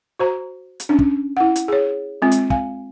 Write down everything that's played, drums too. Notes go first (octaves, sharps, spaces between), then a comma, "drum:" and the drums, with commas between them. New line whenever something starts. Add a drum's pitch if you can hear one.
F#4 C5 A#5
drum: hi-hat
C#4 D4
drum: kick
E4 F#5
drum: hi-hat
G#4 C#5
G#3 C4 F4
drum: hi-hat
F5 G#5, drum: kick